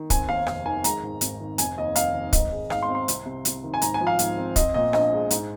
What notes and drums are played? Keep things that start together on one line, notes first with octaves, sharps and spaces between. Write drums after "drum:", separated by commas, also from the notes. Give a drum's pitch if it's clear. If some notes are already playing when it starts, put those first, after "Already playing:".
Already playing: D#3
C4 G#5, drum: kick, hi-hat
D#2 F5
F1, drum: rim click
D#3 G#5
G#3 A#5, drum: hi-hat
G#2
G#1, drum: hi-hat
D#3
F1 G#5, drum: hi-hat
D#2 D#5
F1 F5, drum: hi-hat
D#3
G#2 D#5, drum: kick, hi-hat
G#3
G#2 F5, drum: rim click
C6
C4
C6
C2, drum: hi-hat
C3
C2, drum: hi-hat
D#3
G#5
G#2 A#5, drum: hi-hat
G#5
F3
F5
G#2, drum: hi-hat
C4
C4 D#5, drum: kick, hi-hat
A#2 D#5
A#1 D#5, drum: rim click
G#3
G#2, drum: hi-hat